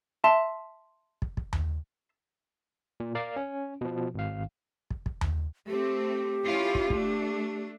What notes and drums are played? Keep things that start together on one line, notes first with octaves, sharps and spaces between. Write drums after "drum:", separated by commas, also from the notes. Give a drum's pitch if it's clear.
E5 A5 C6
drum: kick
drum: kick
drum: tom D#2
A#2
A#4 D5 F5
C#4
B2 F3
G#1 F5
drum: kick
drum: kick
drum: tom D#2
A3 C4 G4
C#4 E4 F4
drum: kick
A3 D4, drum: kick